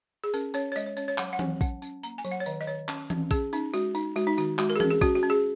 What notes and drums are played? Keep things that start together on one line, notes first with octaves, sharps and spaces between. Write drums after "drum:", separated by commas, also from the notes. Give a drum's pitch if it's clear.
G#4
C#4 A#4, drum: tambourine
C#4 C#5, drum: tambourine
C#5
G#3 D#5, drum: tambourine
C#5
C#4 C#5, drum: tambourine
C#5
F#3 F#5, drum: clap
F#5
F#3 G#5, drum: tom E3
C#4 F#5, drum: kick A#1, tambourine
C#4, drum: tambourine
A#3 A#5, drum: tambourine
G#5
F#3, drum: tambourine
F#5
C#5
D#3 D#5, drum: tambourine
D#5
D#3 C#5
C#4, drum: clap
C#4, drum: tom E3
C#4 G#4, drum: kick A#1, tambourine
C#4 D#4, drum: tambourine
G#3 F#4, drum: tambourine
D#4, drum: tambourine
G#3 F#4, drum: tambourine
D#4
D#3 F#4, drum: tambourine
G#3 F#4, drum: clap
A#4
G#4
C#4 A#4, drum: tom E3
G#4
C#4 F#4, drum: kick A#1, tambourine
F#4
C#4
G#4